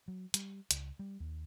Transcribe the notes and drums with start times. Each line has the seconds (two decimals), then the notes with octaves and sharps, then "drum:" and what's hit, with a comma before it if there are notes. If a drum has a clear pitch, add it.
0.08 F#3
0.34 G3, drum: hi-hat
0.71 C#2, drum: hi-hat
0.99 G3
1.20 D#2